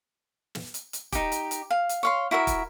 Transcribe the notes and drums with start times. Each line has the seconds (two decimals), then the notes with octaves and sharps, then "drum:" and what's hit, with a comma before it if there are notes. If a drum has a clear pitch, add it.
0.55 drum: snare
0.74 drum: hi-hat
0.93 drum: hi-hat
1.12 D#4 G4, drum: kick, hi-hat
1.32 drum: hi-hat
1.51 drum: hi-hat
1.70 F5
1.89 drum: hi-hat
2.03 C#5 F5 C6
2.31 E4 F#4 A#4 E5
2.47 drum: kick, hi-hat